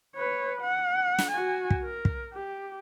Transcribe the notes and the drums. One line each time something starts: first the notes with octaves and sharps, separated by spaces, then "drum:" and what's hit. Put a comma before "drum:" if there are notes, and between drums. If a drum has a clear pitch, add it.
B4 C#5
F#5
drum: snare
F#4 G#5
drum: kick
A#4
drum: kick
G4